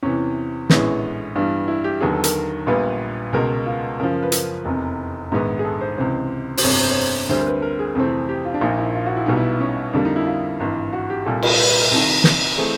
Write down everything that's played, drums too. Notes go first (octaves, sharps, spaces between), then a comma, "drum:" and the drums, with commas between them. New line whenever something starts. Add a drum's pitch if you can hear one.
E2 C3 E3 C#4
A#1 A2 E3 G#3 B3 C#4, drum: snare
G2 E3 G3 B3 D4
E4
G4
D#2 D3 F#3 B3 G#4
A4
A#4, drum: hi-hat
A#1 A#2 G3 B3 B4
C#2 B2 G#3 A#4
F4
F#2 C#3 F3 A#4
B4
A#4, drum: hi-hat
F1 E2 C3
A#1 G#2 D#3 G#3 B3
G#4
A4
C5
C#2 C3 E3 C5
C5, drum: open hi-hat
G1 F2 C3 C#5
C5
C#5
C5
D2 D3 G3 C4 C5
A#4
B4
A#4
G#4
F2 C3 E3 A3 C4
G4
F4
D4
A#1 A#2 F3 A#3 D#4
E4
F4
F#4
E4
B1 B2 G3 B3 D#4
E4
C#4
F2 D3 G3 A#3 D4
D#4
E4
F4
G#1 G2 E3
F#4
G4
C2 A#2 G3 A4
A#4, drum: cymbal
B4
B4
A#4
C2 C3 D#3 A4
drum: snare
E3 A3 C4 G#4